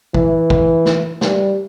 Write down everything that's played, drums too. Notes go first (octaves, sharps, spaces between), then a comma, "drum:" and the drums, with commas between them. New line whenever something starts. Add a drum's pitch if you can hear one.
E3, drum: kick
drum: kick
drum: snare
G3, drum: snare